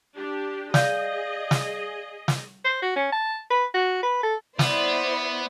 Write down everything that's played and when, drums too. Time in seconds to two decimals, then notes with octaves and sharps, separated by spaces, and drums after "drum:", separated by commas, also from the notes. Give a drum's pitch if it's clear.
0.16 D4 G4
0.74 G#4 D5 D#5 F5 G6, drum: snare
1.51 drum: snare
2.28 drum: snare
2.65 C5
2.82 F#4
2.96 C#4
3.12 A5
3.50 B4
3.74 F#4
4.03 B4
4.23 A4
4.59 B3 E4 C5 D5, drum: snare